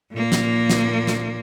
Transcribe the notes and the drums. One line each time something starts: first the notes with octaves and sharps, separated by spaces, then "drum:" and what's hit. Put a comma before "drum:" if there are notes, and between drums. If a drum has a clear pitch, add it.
A#2 A#3
drum: snare
drum: snare
drum: snare